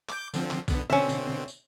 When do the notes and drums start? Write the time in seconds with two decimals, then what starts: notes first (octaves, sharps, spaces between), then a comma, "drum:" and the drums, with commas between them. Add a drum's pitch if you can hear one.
0.09 D6 G6, drum: clap
0.34 D3 F3 C4, drum: tambourine
0.51 drum: clap
0.68 B1 D3 B3, drum: kick, tambourine
0.90 B2 D3 C4 C#4 E5
1.09 drum: tambourine
1.48 drum: tambourine